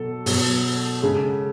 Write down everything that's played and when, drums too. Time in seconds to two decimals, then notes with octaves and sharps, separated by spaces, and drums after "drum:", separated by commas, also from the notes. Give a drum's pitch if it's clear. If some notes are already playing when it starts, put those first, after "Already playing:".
Already playing: B2 F#3 A4
0.26 B2 F#3, drum: open hi-hat
1.02 C#3 G#3